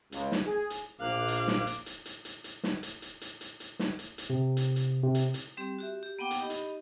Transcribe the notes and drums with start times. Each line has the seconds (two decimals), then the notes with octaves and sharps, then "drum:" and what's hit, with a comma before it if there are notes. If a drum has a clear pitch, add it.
0.12 C#2, drum: hi-hat
0.32 drum: snare
0.46 G#4
0.70 drum: hi-hat
1.01 A#1 A#3 F5 D6 F#6
1.28 drum: hi-hat
1.48 drum: snare
1.67 drum: hi-hat
1.86 drum: hi-hat
2.06 drum: hi-hat
2.25 drum: hi-hat
2.44 drum: hi-hat
2.63 drum: snare
2.83 drum: hi-hat
3.02 drum: hi-hat
3.21 drum: hi-hat
3.41 drum: hi-hat
3.60 drum: hi-hat
3.79 drum: snare
3.99 drum: hi-hat
4.18 drum: hi-hat
4.30 C3
4.57 drum: hi-hat
4.76 drum: hi-hat
5.03 C3
5.15 drum: hi-hat
5.34 drum: hi-hat
5.57 G3 C4 G4
5.79 F#4 G4 E5
6.03 G4
6.19 A#3 B3 F#5 G5 D6
6.31 drum: hi-hat
6.40 D#4 G4 D#5 B5
6.50 drum: hi-hat